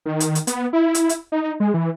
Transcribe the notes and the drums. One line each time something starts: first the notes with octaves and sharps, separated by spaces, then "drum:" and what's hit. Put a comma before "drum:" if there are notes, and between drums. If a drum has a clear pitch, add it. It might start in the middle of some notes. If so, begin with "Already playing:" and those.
D#3
drum: hi-hat
drum: hi-hat
B3, drum: hi-hat
E4
drum: hi-hat
drum: hi-hat
D#4
G#3
E3